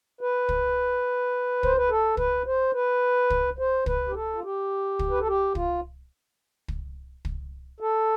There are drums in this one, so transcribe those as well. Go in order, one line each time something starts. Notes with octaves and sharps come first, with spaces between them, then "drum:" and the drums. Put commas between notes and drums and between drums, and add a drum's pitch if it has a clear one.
B4
drum: kick
C5, drum: kick
B4
A4
B4, drum: kick
C5
B4
drum: kick
C5
B4, drum: kick
G4
A4
F4
G4
drum: kick
B4
A4
G4
F4, drum: kick
drum: kick
drum: kick
A4